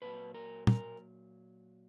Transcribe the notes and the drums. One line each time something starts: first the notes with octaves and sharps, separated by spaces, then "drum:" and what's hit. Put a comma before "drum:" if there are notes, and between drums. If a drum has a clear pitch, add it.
A#2 F#3 B4
A#4
A#4, drum: tom